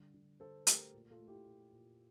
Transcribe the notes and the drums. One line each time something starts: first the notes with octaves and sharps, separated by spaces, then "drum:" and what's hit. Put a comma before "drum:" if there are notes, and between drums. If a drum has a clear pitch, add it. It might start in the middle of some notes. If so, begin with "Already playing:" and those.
Already playing: D3 G3
D3
D3 A4 C5
A3 G4 A#4, drum: hi-hat
A#2
F4 A4
A3
E4 G4
A#2
A#2